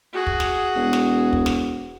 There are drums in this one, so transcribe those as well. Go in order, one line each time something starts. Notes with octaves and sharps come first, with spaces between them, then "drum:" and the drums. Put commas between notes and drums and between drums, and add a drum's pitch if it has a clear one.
F#4 G#4
drum: kick
drum: snare
E1
drum: snare
drum: kick
drum: snare